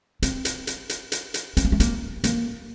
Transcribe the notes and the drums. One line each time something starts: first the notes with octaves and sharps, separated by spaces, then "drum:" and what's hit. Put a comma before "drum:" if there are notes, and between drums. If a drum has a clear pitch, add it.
C4, drum: hi-hat
drum: hi-hat
drum: hi-hat
drum: hi-hat
drum: hi-hat
drum: hi-hat
C4, drum: hi-hat
A#3
A3
A#3, drum: hi-hat
A#3, drum: hi-hat